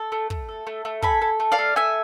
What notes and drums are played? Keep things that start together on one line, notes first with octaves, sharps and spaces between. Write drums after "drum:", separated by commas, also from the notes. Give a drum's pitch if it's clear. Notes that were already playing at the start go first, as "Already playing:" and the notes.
Already playing: A4
A3
A3, drum: kick
A4
A3
A3
A4 G#5 B5, drum: kick
A4
A3
D5 F5
A3
A3 E5 G#5